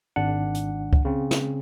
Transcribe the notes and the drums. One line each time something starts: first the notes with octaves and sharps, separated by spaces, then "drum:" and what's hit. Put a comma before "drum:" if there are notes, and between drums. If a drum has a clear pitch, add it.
G#1 D4 F#5
drum: hi-hat
drum: kick C#2
C#3 C4
drum: snare